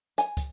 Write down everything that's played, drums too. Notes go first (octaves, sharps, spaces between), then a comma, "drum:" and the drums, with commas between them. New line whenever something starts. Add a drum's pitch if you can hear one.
G#5, drum: hi-hat
drum: kick, hi-hat